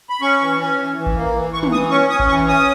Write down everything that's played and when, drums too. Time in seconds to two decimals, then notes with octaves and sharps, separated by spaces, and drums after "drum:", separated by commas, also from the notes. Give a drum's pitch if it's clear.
0.09 B5
0.21 C#4 C#6
0.41 E3
0.59 C#4
0.78 E3
0.97 E3
1.06 drum: kick G#1
1.16 A#3
1.34 E3
1.53 E3 C#6
1.63 drum: tom
1.72 E3 D#6
1.91 C#4 C#6
2.10 C#4 D#6
2.19 drum: kick G#1
2.29 E3 C#6
2.48 C#4 D#6